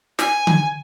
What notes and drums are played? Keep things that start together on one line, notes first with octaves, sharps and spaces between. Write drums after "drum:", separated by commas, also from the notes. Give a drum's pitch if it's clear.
G#5, drum: snare
drum: tom D3